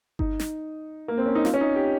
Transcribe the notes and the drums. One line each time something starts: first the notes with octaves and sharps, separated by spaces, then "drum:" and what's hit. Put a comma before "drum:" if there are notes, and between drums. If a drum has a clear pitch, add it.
D#4, drum: kick G1
drum: snare
A#3
C4
C#4
D#4
F4, drum: snare
C#4
D#4
G4